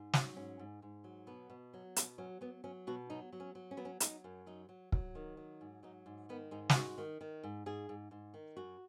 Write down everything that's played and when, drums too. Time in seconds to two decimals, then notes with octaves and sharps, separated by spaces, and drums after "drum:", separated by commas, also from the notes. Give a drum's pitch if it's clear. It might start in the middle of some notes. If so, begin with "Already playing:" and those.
Already playing: G#2
0.13 F#3, drum: snare
0.36 G#2 C#4
0.59 G#2
0.82 G#2
1.04 F#3
1.27 B2 B3
1.50 B2
1.74 F#3
1.96 B2, drum: hi-hat
2.18 F#3 C#4
2.41 F#3 B3
2.64 F#3 C#4
2.87 B2 F#4
3.10 F#3 D#4
3.33 F#3
3.40 C#4
3.55 F#3
3.71 C#4
3.77 F#3 B3
3.85 C#4
4.00 F#3 D#4, drum: hi-hat
4.24 F#2
4.47 F#3 D#4
4.69 F#3
4.92 F#3, drum: kick
5.15 D#3
5.37 F#3
5.61 G#2
5.83 F#3 D#4
6.06 G#2
6.29 D#3 B3
6.51 G#2 D#4
6.70 D#4, drum: snare
6.75 G#3 F#4
6.98 D#3
7.21 D#3
7.44 G#2
7.66 G#2 G#4
7.89 G#2
8.11 G#2
8.34 D#3
8.57 F#2 F#4